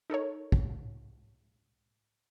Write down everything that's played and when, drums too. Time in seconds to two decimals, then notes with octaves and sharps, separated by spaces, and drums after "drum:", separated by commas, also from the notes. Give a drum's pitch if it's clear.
0.10 D#4 A4 A#4 C#5
0.52 drum: kick